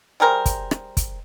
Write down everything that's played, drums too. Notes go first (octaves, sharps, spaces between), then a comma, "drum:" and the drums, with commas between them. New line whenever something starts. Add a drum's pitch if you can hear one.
G3 G#4 A#4 C5
drum: kick, hi-hat
drum: rim click
drum: kick, hi-hat